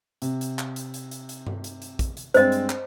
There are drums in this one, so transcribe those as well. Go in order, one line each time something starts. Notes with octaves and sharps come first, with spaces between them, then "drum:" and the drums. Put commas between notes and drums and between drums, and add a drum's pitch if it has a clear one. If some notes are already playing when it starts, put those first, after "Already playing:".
C3, drum: hi-hat
drum: hi-hat
drum: clap
drum: hi-hat
drum: hi-hat
drum: hi-hat
drum: hi-hat
drum: tom G2
drum: hi-hat
drum: hi-hat
drum: kick, hi-hat
drum: hi-hat
G2 G#3 C4 C5 D#5, drum: hi-hat
drum: hi-hat
drum: clap